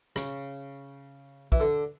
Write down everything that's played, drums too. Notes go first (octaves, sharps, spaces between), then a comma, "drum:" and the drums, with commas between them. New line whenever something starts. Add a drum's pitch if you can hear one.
C#3, drum: rim click
E3, drum: kick
D3